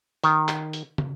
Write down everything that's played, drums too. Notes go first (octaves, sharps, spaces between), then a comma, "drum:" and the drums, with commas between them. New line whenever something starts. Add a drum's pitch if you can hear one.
D#3, drum: hi-hat
drum: clap
drum: hi-hat
drum: tom